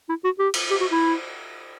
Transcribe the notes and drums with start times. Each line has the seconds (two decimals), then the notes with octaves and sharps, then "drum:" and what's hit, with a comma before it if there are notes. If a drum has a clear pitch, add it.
0.09 E4
0.25 F#4
0.39 G4
0.54 drum: cymbal
0.71 G4
0.81 F#4
0.92 E4